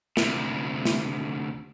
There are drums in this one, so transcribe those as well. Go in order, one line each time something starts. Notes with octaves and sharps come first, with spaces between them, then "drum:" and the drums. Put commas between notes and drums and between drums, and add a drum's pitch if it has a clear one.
D2 C3, drum: snare
drum: snare